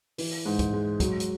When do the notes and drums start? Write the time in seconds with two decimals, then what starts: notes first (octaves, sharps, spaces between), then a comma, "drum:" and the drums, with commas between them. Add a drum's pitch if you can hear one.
0.18 E3, drum: open hi-hat
0.46 G#2
0.59 drum: kick, hi-hat
0.73 G#3
1.00 F#3, drum: kick, hi-hat
1.20 drum: hi-hat